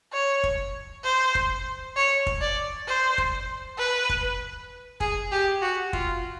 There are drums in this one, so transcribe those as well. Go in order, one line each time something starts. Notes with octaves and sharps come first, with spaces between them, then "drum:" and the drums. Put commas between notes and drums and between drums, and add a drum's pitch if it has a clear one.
C#5
drum: kick
C5
drum: kick
C#5
drum: kick
D5
C5
drum: kick
B4
drum: kick
G#4, drum: kick
G4
F#4
F4, drum: kick